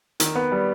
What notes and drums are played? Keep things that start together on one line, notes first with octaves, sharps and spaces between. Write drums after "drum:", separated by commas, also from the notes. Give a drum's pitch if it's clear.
D#3, drum: hi-hat
B3
G3